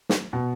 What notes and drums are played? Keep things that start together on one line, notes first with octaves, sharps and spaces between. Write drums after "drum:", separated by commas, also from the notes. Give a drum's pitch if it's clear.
drum: snare
B2